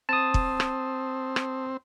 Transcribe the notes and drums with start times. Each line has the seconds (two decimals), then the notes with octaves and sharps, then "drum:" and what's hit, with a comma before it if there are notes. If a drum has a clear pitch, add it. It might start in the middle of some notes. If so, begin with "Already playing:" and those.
0.09 C4 A5 D#6
0.34 drum: kick
0.60 drum: rim click
1.36 drum: rim click